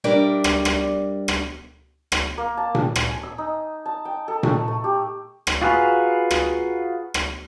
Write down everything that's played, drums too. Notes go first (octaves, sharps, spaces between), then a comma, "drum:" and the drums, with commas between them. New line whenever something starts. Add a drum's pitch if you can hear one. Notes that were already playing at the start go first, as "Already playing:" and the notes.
G3 D4 A#4 D5 E5
drum: rim click
drum: rim click
drum: rim click
drum: rim click
A#3
A5
drum: tom A#2
drum: rim click
G#5
E6
D#4
A5
G5
A4
A3, drum: tom A#2
A3
G4
drum: rim click
F4 F#4 G#4 B4 A#5
drum: rim click
drum: rim click